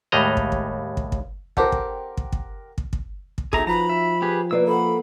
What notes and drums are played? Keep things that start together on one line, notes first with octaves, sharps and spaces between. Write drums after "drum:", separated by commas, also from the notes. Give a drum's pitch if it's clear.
D#2 A2 G3 G#3 D#5 A#5
drum: kick
drum: kick
drum: kick
drum: kick
C4 G4 A4 A#4 F#5, drum: kick
drum: kick
drum: kick
drum: kick
drum: kick
drum: kick
drum: kick
D#4 F#4 G#4 A4 E5 A5 A#5, drum: kick
F3 B4 A#5 B5
E5
G4 G#4 B4
A#3 E4 B4 D5 E6
A4 F#5 B5